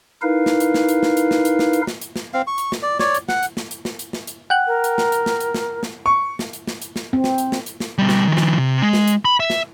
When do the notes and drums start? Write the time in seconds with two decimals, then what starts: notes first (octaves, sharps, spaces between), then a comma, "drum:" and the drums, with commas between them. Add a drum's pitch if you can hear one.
0.22 D#4 E4 A#4 B4 F5
0.46 drum: snare
0.60 drum: hi-hat
0.74 drum: snare
0.89 drum: hi-hat
1.03 drum: snare
1.17 drum: hi-hat
1.31 drum: snare
1.45 drum: hi-hat
1.59 drum: snare
1.73 drum: hi-hat
1.87 drum: snare
2.01 drum: hi-hat
2.16 drum: snare
2.34 C4 F5
2.47 C#6
2.58 drum: hi-hat
2.72 drum: snare
2.82 D5
2.99 C#5 D5, drum: snare
3.14 drum: hi-hat
3.29 F#5, drum: snare
3.43 drum: hi-hat
3.57 drum: snare
3.71 drum: hi-hat
3.85 drum: snare
3.99 drum: hi-hat
4.13 drum: snare
4.27 drum: hi-hat
4.50 F#5 G5 F#6
4.67 A#4
4.84 drum: hi-hat
4.98 drum: snare
5.12 drum: hi-hat
5.26 drum: snare
5.40 drum: hi-hat
5.54 drum: snare
5.83 drum: snare
6.06 C#6
6.39 drum: snare
6.53 drum: hi-hat
6.67 drum: snare
6.82 drum: hi-hat
6.96 drum: snare
7.13 C4
7.24 drum: snare
7.38 drum: hi-hat
7.52 drum: snare
7.66 drum: hi-hat
7.80 drum: snare
7.98 B2 G3
8.09 drum: snare
8.28 D#3 F3
8.37 drum: snare
8.58 C3
8.82 G#3
8.93 drum: snare
9.07 drum: hi-hat
9.25 B5
9.40 E5
9.50 drum: snare